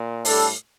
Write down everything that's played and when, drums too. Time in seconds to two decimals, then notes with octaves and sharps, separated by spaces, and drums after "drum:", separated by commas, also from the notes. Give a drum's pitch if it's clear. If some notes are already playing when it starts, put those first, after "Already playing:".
Already playing: A#2
0.25 A2 G3 D4 A4, drum: open hi-hat